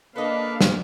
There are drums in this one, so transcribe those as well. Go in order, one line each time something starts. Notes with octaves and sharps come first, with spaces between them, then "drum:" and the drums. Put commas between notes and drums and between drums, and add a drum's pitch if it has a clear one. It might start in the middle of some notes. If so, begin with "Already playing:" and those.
A#3 D4 A4 B4 D#5 F5
drum: snare